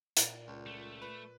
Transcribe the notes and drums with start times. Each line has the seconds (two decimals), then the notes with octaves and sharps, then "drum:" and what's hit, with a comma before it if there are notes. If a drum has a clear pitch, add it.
0.17 A#2 D5, drum: hi-hat
0.48 C#2
0.66 A3
1.02 B4